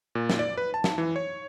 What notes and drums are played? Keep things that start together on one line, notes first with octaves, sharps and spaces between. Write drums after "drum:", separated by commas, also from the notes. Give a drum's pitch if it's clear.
A#2
drum: snare
D5
B4
A5
drum: snare
E3
C#5